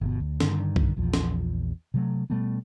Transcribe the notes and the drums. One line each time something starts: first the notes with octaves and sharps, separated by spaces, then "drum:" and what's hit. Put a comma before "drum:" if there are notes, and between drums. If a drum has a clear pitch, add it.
G1 B2
D2
G2 D3 D#3, drum: snare
drum: kick B1
A#1 E2 F3
drum: snare
C3 F#3 A3
B2 G3 A3 B3